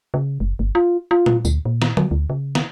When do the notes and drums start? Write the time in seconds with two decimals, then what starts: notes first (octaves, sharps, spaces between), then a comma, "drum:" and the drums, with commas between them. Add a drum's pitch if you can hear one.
0.14 C#3
0.40 F#1
0.59 G1
0.75 F4
1.11 F4
1.26 drum: tom A#2
1.45 D2, drum: tambourine
1.65 A#2
1.82 drum: snare
1.97 F#3, drum: tom D3
2.11 D2
2.30 C#3
2.55 drum: snare